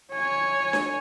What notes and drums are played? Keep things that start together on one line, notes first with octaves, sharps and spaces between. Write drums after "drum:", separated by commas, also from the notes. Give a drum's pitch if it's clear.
C#5 G#5
drum: snare D4